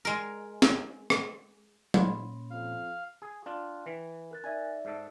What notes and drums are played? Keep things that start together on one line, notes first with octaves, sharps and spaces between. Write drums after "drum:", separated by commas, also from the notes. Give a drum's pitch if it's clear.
G#3 A#4
drum: snare
drum: rim click
A#2 C#4 B5 C6, drum: tom F#3
F2 F5
G#4
D4 F4 G5
E3
A#4 F#6 A6
D#4 D5 E5 G#5
G#2 A4